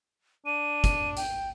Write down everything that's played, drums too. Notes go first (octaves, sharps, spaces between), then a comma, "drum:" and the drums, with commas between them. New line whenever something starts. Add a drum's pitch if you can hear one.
D4 D#7
drum: kick, hi-hat
G5, drum: hi-hat